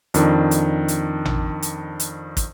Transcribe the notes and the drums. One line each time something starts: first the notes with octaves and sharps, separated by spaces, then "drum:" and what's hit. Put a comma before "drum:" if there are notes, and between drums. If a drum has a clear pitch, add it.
F2 D#3 D4, drum: hi-hat
drum: hi-hat
drum: hi-hat
drum: tom A1
drum: hi-hat
drum: hi-hat
drum: kick, hi-hat